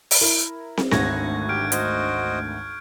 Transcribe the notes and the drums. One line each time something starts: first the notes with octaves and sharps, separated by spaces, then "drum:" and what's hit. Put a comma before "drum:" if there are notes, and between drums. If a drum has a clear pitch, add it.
drum: open hi-hat
E4 A#4
drum: snare
G#1 D2 F#5 C#6 F#6 G#6 A#6, drum: snare
G4 F6 G6 D7
F#4 C5 D#5, drum: hi-hat